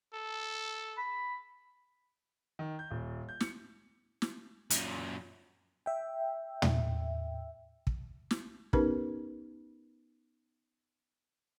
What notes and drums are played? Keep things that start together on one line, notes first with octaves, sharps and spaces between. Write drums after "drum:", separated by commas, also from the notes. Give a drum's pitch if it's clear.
A4
B5
D#3
G6
D#1
G6
C#7, drum: snare
drum: snare
F#2 A#2, drum: hi-hat
E5 G5
drum: tom
drum: kick
drum: snare
B3 C#4 D#4 G4 A#4 B4, drum: kick